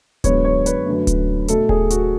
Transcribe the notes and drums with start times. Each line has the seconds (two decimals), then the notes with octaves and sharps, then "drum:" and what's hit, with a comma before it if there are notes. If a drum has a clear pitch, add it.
0.24 F#2 D3 G#3 B3 C#5, drum: kick D1, hi-hat
0.45 C#5
0.66 B4, drum: hi-hat
0.86 F#2 D3 A3
1.07 drum: kick D1, hi-hat
1.48 B2 A3 A4, drum: hi-hat
1.69 G#4, drum: kick D1
1.90 F#4, drum: hi-hat